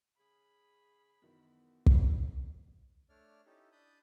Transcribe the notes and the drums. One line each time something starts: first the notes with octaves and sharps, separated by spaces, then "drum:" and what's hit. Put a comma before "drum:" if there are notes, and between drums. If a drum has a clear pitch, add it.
C#3 G#4 B5
F#2 D#3 E3 B3
drum: kick
A3 D4 C#5 D5 F6
C#4 D#4 E4 G4 A4
D4 A5 B5 D#6 G6